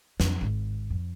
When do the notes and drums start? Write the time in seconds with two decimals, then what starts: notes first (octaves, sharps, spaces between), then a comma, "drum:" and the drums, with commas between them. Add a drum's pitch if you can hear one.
0.20 F2, drum: snare
0.41 G#1
0.90 F2